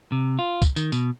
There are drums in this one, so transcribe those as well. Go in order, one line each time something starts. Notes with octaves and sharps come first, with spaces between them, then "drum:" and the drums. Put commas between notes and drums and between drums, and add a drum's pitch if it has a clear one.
C3
F4
drum: kick, tambourine
D#3, drum: tambourine
B2, drum: tambourine